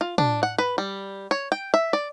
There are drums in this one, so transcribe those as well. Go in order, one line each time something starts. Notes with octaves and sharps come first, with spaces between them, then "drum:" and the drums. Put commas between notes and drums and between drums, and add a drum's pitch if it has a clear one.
F4
D4, drum: tom
F#5
B4
G3
C#5
G5
E5
D5